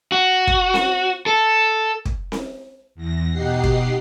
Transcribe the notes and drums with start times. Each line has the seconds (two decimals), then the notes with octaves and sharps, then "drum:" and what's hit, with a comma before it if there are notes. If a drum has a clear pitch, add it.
0.12 F#4
0.47 drum: kick
0.74 drum: snare C4
1.26 A4
2.05 drum: kick
2.32 drum: snare C4
2.95 E2 A#6
3.31 B2 D#4 G4 F#5 C7
3.63 drum: kick